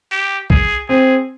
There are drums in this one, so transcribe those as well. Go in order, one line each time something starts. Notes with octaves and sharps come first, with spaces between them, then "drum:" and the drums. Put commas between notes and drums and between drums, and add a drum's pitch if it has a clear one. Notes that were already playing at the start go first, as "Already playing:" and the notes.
G4
G#4, drum: kick C2
C4 G#4